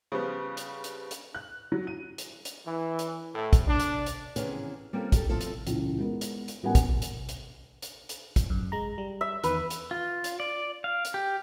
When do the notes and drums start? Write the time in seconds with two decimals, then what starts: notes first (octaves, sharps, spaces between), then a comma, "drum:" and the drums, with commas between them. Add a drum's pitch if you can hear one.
0.12 C#3 F3 G3 B3
0.57 drum: hi-hat
0.84 drum: hi-hat
1.11 drum: hi-hat
1.35 F#6
1.72 F#3
1.87 D#7
2.18 drum: hi-hat
2.45 drum: hi-hat
2.67 E3
2.99 drum: hi-hat
3.34 A2
3.53 drum: kick, hi-hat
3.68 D4
3.80 drum: hi-hat
4.06 drum: hi-hat
4.36 C3 D#3 E3 B3 C#4 G#4, drum: hi-hat
4.93 G3 A#3 C4 C#4 F4 A4
5.12 G4 A4, drum: kick, hi-hat
5.29 F3 C4 E4 F4 A4
5.41 drum: hi-hat
5.67 C#2 A#2 E3, drum: hi-hat
5.98 G#3 B3 A#4
6.21 drum: hi-hat
6.48 drum: hi-hat
6.63 A1 G3 B3 A#4 F#5 G#5
6.75 drum: kick, hi-hat
7.02 drum: hi-hat
7.29 drum: hi-hat
7.82 drum: hi-hat
8.09 drum: hi-hat
8.36 drum: kick, hi-hat
8.50 F#2
8.72 G#3 A#5
8.98 G3
9.21 E5
9.44 E2 D#3 B4, drum: hi-hat
9.70 drum: hi-hat
9.91 F4
10.24 drum: hi-hat
10.40 D5
10.84 F5
11.05 drum: hi-hat
11.14 G4